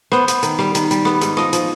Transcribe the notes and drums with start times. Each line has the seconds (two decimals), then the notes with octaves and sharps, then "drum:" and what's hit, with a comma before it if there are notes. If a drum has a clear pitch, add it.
0.12 B3 C5, drum: rim click
0.28 B3, drum: hi-hat
0.43 D#3, drum: hi-hat
0.59 G3, drum: rim click
0.75 D#3, drum: hi-hat
0.91 G3, drum: hi-hat
1.05 B3, drum: rim click
1.21 G#2, drum: hi-hat
1.37 F3 D#5, drum: rim click
1.53 F3, drum: hi-hat